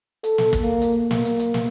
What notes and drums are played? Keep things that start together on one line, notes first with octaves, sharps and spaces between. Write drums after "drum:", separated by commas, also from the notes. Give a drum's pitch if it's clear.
A4, drum: hi-hat
drum: snare
drum: kick, hi-hat
A#3
drum: hi-hat
A#3
drum: snare
drum: hi-hat
drum: hi-hat
drum: snare